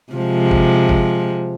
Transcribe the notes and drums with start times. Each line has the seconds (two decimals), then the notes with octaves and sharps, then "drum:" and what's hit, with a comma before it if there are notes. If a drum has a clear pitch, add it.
0.13 C3 F3 G#3
0.51 drum: kick
0.89 drum: kick